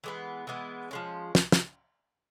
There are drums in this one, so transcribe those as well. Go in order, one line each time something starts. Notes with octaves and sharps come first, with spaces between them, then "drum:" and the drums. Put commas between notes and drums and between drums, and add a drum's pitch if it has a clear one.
E3 G#3 B3
E3 G#3 B3
F3 G#3 C#4
drum: snare
drum: snare